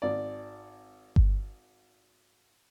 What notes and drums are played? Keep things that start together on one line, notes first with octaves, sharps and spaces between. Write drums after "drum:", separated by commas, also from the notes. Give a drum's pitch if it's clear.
G#1 D5
drum: kick G1